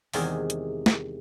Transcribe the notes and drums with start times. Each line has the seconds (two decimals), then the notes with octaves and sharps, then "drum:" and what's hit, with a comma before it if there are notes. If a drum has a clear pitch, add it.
0.13 E2 C3 D#3 G#3, drum: open hi-hat
0.50 drum: hi-hat
0.86 drum: snare